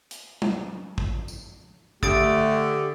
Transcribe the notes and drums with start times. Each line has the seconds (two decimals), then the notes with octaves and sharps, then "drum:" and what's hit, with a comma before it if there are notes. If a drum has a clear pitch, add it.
0.11 drum: hi-hat
0.42 drum: tom F#3
0.98 drum: kick
1.28 drum: tambourine
2.03 D3 A3 G4 D#6 A6 D7, drum: kick